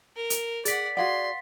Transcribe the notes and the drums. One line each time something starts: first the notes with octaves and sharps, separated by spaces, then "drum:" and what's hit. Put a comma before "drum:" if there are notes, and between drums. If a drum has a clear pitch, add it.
A#4
drum: hi-hat
G#4 D5 F#5 A6 B6, drum: hi-hat
F#4 G#4 D5 F5 F#5 C6